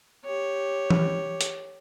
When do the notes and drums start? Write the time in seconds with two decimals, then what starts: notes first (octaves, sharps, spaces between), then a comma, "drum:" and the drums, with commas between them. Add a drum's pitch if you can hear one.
0.25 G4 C#5
0.90 drum: tom E3
1.41 drum: hi-hat